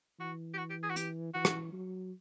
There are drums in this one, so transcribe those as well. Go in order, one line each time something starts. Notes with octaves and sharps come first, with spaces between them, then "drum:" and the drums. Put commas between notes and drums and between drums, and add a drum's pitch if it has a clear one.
E3 F#4
G4
F#4
G4
G#4
F#4
G4, drum: hi-hat
E3 F#4
drum: rim click
F#3